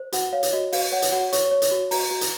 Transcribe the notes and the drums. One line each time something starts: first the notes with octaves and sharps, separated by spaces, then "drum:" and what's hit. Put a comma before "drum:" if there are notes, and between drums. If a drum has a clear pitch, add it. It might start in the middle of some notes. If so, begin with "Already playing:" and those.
Already playing: C5
F#4 F#5, drum: hi-hat
C#5 F5
drum: hi-hat
F#4 D#5
F#4 F5, drum: open hi-hat
C#5 F#5
drum: hi-hat
F#4 F#5
C#5 C#6, drum: hi-hat
C#5
drum: hi-hat
F#4
F#4 A#5, drum: open hi-hat
F#4
drum: hi-hat